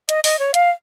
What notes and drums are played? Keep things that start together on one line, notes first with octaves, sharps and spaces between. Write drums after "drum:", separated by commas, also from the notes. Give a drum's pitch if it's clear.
D#5, drum: hi-hat
D#5, drum: open hi-hat
C#5
F5, drum: hi-hat